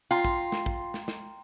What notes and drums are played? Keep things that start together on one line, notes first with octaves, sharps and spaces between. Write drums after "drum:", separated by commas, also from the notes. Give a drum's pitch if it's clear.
F4 G5 A#5 C6
drum: kick
drum: snare
drum: kick
drum: snare
drum: snare